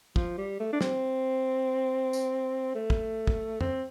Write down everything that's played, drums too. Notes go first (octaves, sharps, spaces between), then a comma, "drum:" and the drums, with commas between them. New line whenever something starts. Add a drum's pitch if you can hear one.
F3, drum: kick
G3
A3
D4
C4, drum: snare
drum: tambourine
A3
drum: kick
drum: kick
C4, drum: tom